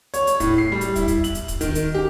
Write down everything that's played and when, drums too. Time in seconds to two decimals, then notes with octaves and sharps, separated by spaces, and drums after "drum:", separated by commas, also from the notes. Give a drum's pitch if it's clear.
0.14 C#5, drum: hi-hat
0.27 drum: hi-hat
0.40 A2, drum: kick, hi-hat
0.58 C7
0.72 G3
0.81 drum: hi-hat
0.96 E4, drum: kick, hi-hat
1.08 drum: kick, hi-hat
1.24 F#7, drum: hi-hat
1.35 drum: hi-hat
1.48 drum: kick, hi-hat
1.61 D#3, drum: kick, hi-hat
1.75 drum: hi-hat
1.94 G4